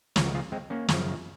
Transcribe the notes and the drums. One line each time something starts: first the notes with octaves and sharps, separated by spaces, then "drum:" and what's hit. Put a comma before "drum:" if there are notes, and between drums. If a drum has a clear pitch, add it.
C#2 C#3 F3 C#4 F4, drum: snare
F#4 A#4
F4 G#4
G#3 C4
A#3 C#4
F#2 C#3 F3, drum: snare